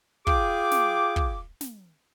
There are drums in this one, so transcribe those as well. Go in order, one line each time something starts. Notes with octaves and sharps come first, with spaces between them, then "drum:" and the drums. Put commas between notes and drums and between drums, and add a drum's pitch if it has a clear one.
F4 G#4 G5 D6, drum: kick
drum: snare
drum: kick
drum: snare